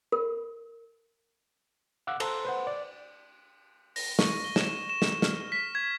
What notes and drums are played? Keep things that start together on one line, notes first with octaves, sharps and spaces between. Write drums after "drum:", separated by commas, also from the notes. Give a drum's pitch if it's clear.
A#4
F5 F#5 D6 E6 F#6
A4 C5 A5 A#5 C6 E6, drum: cymbal
B4 C5 F#5
D5
A#6, drum: open hi-hat
C#6, drum: snare
G7
E7, drum: snare
E7
drum: snare
F6, drum: snare
B6
G#6